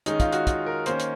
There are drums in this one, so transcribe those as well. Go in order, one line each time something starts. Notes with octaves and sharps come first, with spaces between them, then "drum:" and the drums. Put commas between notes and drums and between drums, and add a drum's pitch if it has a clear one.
D#3 G#3 C#4 D#4, drum: hi-hat
F4, drum: kick, hi-hat
F#4, drum: hi-hat
F4, drum: kick, hi-hat
A#4
D#3 A#3 C#4 C5, drum: hi-hat
drum: hi-hat